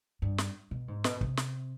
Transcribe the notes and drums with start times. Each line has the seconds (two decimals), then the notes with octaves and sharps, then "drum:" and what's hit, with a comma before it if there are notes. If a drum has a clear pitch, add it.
0.22 G2
0.38 drum: snare
0.71 B2
0.88 G#2
1.04 B2, drum: snare
1.21 C3, drum: kick
1.37 drum: snare